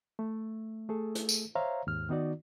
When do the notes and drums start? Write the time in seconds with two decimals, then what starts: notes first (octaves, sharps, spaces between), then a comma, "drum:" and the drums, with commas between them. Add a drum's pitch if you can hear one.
0.19 A3
0.89 A3 G#4 A4
1.15 drum: hi-hat
1.29 drum: tambourine
1.55 C5 C#5 E5 F5 A#5
1.87 D#2 G#2 F6
2.09 D#3 B3 D#4 F#4 D5